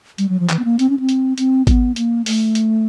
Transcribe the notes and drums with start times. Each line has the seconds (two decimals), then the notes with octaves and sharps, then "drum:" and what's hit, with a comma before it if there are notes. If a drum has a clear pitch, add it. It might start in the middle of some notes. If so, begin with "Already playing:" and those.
0.18 G3, drum: hi-hat
0.29 F#3
0.40 F3
0.50 E3, drum: clap
0.59 B3
0.65 A#3
0.79 C4, drum: hi-hat
0.90 C#4
0.99 C4
1.09 drum: hi-hat
1.38 C4, drum: hi-hat
1.67 B3, drum: kick G#1, hi-hat
1.96 A#3, drum: hi-hat
2.26 A3, drum: open hi-hat
2.55 drum: hi-hat